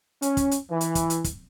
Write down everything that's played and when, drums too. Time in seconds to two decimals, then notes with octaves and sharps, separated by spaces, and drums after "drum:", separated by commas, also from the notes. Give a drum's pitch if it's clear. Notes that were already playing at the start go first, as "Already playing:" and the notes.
0.22 C#4, drum: hi-hat
0.37 drum: kick, hi-hat
0.51 drum: hi-hat
0.71 E3
0.81 drum: hi-hat
0.95 drum: kick, hi-hat
1.10 drum: hi-hat
1.24 drum: kick, hi-hat